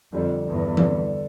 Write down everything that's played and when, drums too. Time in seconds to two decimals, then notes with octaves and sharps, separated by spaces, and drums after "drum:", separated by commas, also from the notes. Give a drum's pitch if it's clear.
0.13 F2 D3 G3 D4 A4
0.45 E2 G2
0.77 D3 G3 D4 A4, drum: tom E3